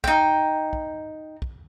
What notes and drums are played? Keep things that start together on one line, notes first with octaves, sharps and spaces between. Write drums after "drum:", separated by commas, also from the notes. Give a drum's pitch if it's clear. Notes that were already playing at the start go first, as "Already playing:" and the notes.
D#4 G5, drum: kick
drum: kick
drum: kick